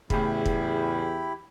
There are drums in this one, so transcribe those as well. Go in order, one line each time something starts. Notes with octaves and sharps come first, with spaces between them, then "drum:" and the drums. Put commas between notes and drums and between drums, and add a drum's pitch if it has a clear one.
E2 A2 C#3 E4 G4 B5, drum: kick
drum: kick